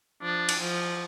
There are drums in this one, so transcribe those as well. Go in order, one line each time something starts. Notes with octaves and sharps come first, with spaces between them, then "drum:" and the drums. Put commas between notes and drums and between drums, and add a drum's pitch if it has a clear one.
F3 D4
drum: cymbal
F3